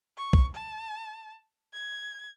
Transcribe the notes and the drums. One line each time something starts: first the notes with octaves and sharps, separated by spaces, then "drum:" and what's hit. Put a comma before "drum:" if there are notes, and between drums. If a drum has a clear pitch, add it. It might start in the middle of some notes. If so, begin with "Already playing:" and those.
C#6
drum: kick C2
A5
G#6